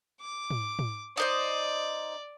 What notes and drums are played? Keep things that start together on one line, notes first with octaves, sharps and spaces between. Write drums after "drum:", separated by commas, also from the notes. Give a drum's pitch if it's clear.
D6
drum: tom G#2
drum: tom
D#4 C5 D5 D#5